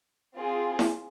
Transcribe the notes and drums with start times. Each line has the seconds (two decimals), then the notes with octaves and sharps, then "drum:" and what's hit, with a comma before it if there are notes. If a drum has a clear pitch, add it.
0.37 C4 F4 G#4
0.79 drum: snare E4